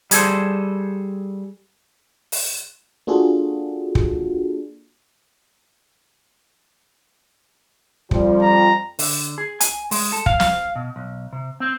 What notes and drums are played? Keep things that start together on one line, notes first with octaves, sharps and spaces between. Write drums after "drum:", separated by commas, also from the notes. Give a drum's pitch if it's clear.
G3 G#4 A4 C5, drum: hi-hat
drum: open hi-hat
A#3 D4 F4 F#4 G#4 A4
drum: kick
F2 F3 G3, drum: kick
A#5
D3, drum: open hi-hat
G#4
G#5, drum: hi-hat
G#3, drum: open hi-hat
A4
F5, drum: kick
F5, drum: snare
B2
B1
C3
C4